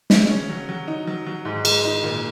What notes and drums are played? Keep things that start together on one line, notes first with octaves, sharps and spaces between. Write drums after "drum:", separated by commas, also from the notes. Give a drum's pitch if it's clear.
C#3, drum: snare
C#4
F#3
F#3
D#4
F#3
F#3
G#2
G#3, drum: cymbal
D#4
A#2